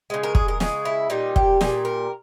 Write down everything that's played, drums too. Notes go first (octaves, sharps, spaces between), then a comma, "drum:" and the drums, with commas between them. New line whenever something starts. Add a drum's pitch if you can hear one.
C#3 G#3
A#4
G#4, drum: kick
A#4
C#3 G#3 G#4, drum: snare
E4
A#2 G3 D#4
G4, drum: kick
A#2 G3 G#4, drum: snare
A#4